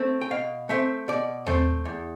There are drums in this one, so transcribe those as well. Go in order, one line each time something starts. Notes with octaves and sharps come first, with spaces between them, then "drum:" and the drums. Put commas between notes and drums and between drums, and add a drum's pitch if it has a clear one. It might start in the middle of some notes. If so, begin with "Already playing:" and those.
Already playing: A3 C4
G5
B2 F5
A3 C4 E5
B2 D5
A3 C4, drum: tom D#2
E2